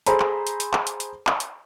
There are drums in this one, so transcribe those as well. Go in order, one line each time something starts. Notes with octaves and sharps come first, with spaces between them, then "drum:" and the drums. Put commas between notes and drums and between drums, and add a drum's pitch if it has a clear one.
G#4 A4 C5 A#5 B5, drum: hi-hat
drum: clap
drum: hi-hat
drum: hi-hat
drum: clap
drum: hi-hat
drum: hi-hat
drum: clap
drum: hi-hat